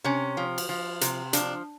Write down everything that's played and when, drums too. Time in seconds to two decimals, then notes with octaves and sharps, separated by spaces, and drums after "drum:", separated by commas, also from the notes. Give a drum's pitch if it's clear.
0.04 C3 C#4
0.37 F3
0.58 drum: cymbal
0.69 F3
1.01 C3, drum: hi-hat
1.33 F3 D4, drum: hi-hat